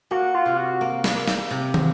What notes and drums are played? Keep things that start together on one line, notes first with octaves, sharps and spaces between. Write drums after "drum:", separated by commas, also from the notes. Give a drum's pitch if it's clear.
A#3 F#4
F4
C3
F#4
A#3
drum: snare
A#3
drum: snare
C3
drum: tom